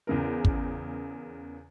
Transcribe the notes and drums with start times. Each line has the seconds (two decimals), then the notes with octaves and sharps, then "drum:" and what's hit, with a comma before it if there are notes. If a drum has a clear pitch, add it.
0.07 E2 C#3 A#4
0.45 drum: kick